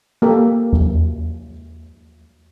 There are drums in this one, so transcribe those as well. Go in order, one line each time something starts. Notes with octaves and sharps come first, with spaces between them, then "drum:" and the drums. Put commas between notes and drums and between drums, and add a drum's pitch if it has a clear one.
A#3 G4 A4
drum: tom E2